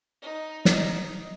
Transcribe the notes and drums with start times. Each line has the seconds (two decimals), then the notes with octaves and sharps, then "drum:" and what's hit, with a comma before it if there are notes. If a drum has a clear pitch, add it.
0.22 D#4
0.65 D#4, drum: snare